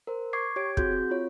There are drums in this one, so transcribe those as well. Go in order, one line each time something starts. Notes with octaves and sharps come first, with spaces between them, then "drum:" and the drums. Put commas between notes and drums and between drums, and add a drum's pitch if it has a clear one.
A#4 C5
C#6 D6 G#6 C7
G4 C#5 G#6 D7
C4 F#4 G#4 G6, drum: kick
C4
F4 C#5